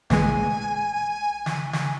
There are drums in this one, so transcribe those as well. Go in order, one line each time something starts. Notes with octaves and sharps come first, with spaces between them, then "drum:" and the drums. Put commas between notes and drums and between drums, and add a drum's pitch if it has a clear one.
A#1 E3 G#3 G#5, drum: snare
drum: snare
drum: snare